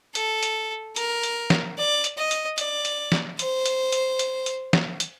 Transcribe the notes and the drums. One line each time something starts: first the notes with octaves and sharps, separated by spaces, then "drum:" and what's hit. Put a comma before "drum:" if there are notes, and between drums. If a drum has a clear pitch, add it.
A4, drum: hi-hat
drum: hi-hat
A#4, drum: hi-hat
drum: hi-hat
drum: snare
D5
drum: hi-hat
D#5
drum: hi-hat
D5, drum: hi-hat
drum: hi-hat
drum: snare
C5, drum: hi-hat
drum: hi-hat
drum: hi-hat
drum: hi-hat
drum: hi-hat
drum: snare
drum: hi-hat